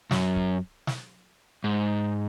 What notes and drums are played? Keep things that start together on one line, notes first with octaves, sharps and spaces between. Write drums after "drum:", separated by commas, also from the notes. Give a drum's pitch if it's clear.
F#2, drum: snare
drum: kick
drum: snare
G#2